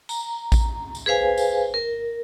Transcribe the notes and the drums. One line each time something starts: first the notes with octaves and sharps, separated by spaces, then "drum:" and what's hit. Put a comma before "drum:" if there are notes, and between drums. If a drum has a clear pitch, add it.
A#5, drum: tambourine
drum: kick A1, tambourine
drum: tambourine
G#4 B4 C5 F5 G#5
drum: tambourine
A#4